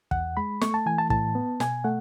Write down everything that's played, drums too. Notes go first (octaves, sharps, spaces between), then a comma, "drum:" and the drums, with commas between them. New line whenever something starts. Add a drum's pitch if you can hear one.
E2 F#5, drum: kick
G#3 B5
A3 C#6, drum: snare
A5
E3 G#5
A5
A2 A5, drum: kick
B3
B2 G#5, drum: snare
A3 F#5